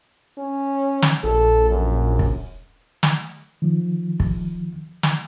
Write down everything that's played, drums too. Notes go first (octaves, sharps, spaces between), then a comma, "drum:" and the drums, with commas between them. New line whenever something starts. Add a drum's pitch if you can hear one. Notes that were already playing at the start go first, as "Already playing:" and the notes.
C#4
drum: snare
A#1 A4
F#2
drum: kick
drum: snare
D#3 F3
drum: kick
drum: snare